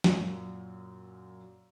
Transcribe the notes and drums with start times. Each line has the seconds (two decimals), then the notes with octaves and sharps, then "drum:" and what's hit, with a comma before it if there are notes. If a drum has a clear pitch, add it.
0.04 F#2 A#2, drum: snare